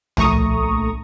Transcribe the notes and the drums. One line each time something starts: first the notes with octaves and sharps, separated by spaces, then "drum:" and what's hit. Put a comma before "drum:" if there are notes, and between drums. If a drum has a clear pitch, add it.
A#1 A3 A#5 C#6 D#6, drum: tom C#2